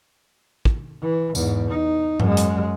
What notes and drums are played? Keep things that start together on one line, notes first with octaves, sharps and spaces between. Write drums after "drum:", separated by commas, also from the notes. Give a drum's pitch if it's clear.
drum: kick
E3
E2 G#2, drum: tambourine
D#4
F#2 G#3, drum: tom G#2
drum: hi-hat